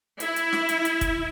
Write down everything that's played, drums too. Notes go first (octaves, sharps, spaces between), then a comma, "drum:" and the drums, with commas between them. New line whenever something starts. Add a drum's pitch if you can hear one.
E4, drum: hi-hat
drum: hi-hat
drum: snare
drum: hi-hat
drum: hi-hat
drum: kick, hi-hat